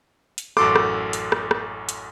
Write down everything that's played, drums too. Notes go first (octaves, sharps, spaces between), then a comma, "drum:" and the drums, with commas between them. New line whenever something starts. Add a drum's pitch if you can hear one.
drum: hi-hat
A1 F#2 F#4 A4 C6 D6, drum: rim click
drum: rim click
drum: hi-hat
drum: rim click
drum: rim click
drum: hi-hat